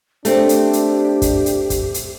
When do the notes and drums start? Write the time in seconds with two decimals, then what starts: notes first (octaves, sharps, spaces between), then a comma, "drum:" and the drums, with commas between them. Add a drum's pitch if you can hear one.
0.25 A3 C4 D4 G4, drum: hi-hat
0.49 drum: hi-hat
0.73 drum: hi-hat
1.22 drum: kick, hi-hat
1.46 drum: hi-hat
1.70 drum: kick, hi-hat
1.94 drum: hi-hat